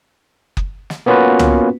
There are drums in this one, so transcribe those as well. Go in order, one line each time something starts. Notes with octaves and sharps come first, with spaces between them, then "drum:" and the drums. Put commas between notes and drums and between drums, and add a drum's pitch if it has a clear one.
drum: kick F#1
drum: snare
A#3 B3 C#4 F4 F#4 B4
drum: tom